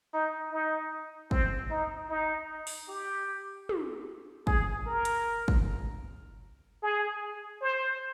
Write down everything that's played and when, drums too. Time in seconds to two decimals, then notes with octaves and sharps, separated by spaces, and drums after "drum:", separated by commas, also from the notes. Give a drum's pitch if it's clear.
0.13 D#4
0.52 D#4
1.31 C4, drum: kick
1.71 D#4
2.10 D#4
2.67 drum: open hi-hat
2.88 G4
3.69 drum: tom
4.47 G#4, drum: kick
4.86 A#4
5.05 drum: hi-hat
5.48 drum: kick
6.82 G#4
7.61 C5